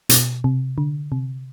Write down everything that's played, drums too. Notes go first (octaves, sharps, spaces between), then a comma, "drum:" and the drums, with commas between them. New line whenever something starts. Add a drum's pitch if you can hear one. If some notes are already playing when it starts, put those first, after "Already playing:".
B2, drum: hi-hat
C3
D3
C3